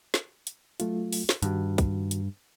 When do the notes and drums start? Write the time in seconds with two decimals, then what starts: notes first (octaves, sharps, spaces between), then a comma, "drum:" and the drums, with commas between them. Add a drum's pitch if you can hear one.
0.14 drum: snare
0.47 drum: hi-hat
0.80 F#3 A3 F4, drum: hi-hat
1.13 drum: open hi-hat
1.29 drum: snare
1.42 G2 D#3 F#4, drum: hi-hat
1.78 drum: kick, hi-hat
2.11 drum: hi-hat